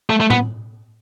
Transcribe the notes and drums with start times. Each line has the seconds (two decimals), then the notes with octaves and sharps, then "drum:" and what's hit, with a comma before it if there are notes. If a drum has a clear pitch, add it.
0.10 A3
0.20 A3
0.30 B3, drum: tom A2